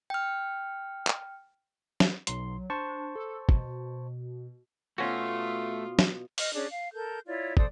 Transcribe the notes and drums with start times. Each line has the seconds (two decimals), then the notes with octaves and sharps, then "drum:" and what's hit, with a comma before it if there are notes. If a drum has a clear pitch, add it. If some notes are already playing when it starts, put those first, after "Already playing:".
0.10 G5 F6
1.07 drum: clap
2.00 drum: snare
2.27 B1 F#3 C6, drum: hi-hat
2.70 D4 C5 A5 C#6
3.16 A4
3.49 B2, drum: kick
4.98 B2 A3 B3 C#4 F4 F#4 C5
5.99 drum: snare
6.38 D#5 F6, drum: open hi-hat
6.54 C#4 D4 G#4
6.71 F5
6.94 A4 A#4 G6
7.26 E4 F4 C#5 D5
7.57 A4 C5 D5 D#6, drum: kick